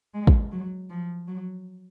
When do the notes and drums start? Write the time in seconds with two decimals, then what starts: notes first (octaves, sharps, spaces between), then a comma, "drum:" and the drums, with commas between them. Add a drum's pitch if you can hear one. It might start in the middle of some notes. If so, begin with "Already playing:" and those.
0.13 G#3
0.27 drum: kick
0.51 F#3
0.90 F3
1.27 F#3